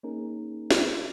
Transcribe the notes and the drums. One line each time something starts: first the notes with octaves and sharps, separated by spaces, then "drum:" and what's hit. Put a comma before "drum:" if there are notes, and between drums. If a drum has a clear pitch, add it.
A#3 C#4 D#4 G#4 A#4
drum: snare